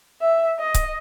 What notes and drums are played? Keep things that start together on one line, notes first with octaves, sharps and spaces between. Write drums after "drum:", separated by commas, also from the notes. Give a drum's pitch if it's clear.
E5
D#5
drum: kick C#1, hi-hat